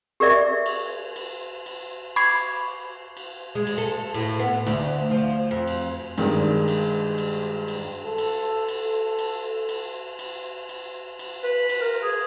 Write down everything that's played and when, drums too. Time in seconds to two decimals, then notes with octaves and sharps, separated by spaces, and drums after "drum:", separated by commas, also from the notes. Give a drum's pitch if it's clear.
0.20 G4 G#4 A#4 D5 E5
0.66 drum: cymbal
1.16 drum: cymbal
1.66 drum: cymbal
2.16 B5 C#6 D6 G#6 C7, drum: cymbal
3.17 drum: cymbal
3.55 G#3
3.67 drum: cymbal
3.78 A4
4.14 A2, drum: cymbal
4.39 B3
4.66 D2, drum: cymbal
5.11 F3
5.51 F2
5.67 drum: cymbal
6.18 G2 D#3 G#3 D4, drum: cymbal
6.68 drum: cymbal
7.18 drum: cymbal
7.68 drum: cymbal
8.06 A4
8.18 drum: cymbal
8.68 drum: cymbal
8.80 A4
9.19 drum: cymbal
9.69 drum: cymbal
10.19 drum: cymbal
10.69 drum: cymbal
11.19 drum: cymbal
11.44 B4
11.69 drum: cymbal
11.81 A#4
12.02 G#4